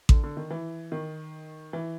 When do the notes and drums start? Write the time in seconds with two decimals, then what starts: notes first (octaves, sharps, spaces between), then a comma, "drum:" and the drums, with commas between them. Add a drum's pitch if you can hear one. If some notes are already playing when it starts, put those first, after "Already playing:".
0.09 D3, drum: kick A1
0.24 D3
0.37 D#3
0.50 E3
0.92 D#3
1.73 E3